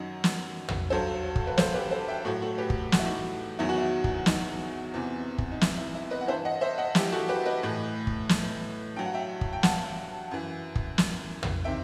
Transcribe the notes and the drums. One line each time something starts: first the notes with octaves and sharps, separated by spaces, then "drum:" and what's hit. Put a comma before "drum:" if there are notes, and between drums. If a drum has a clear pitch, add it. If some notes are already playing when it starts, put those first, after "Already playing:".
Already playing: F#2 D#3 F#3 D#5
drum: snare
drum: tom
G2 F#3 A4 C5
drum: kick
B4
A4 C5, drum: snare
G4 B4
A4 C5
E5 G5
A2 F#3 F#4 A4
F#4 A4
G4 B4
drum: kick
F#4, drum: snare
E4
D#4 F#4
E2 D#3 F#3 E4
F#4
E4
drum: kick
D#4, drum: snare
E2 C3 E3
drum: kick
D#4
E4, drum: snare
E4
E4
B4 D#5
F#5
G2 E3 C5 E5
D#5 F#5
C5 E5
D#5 F#5
E4 G4, drum: snare
F#4 A4
G4 B4
B4 D#5
A2 E3
drum: kick
drum: snare
G2 F#3 G5
F#5
E5 G5
drum: kick
G5
F#5 A5, drum: snare
F#2 E3
drum: kick
drum: snare
drum: tom
C3 D#3 E5 G5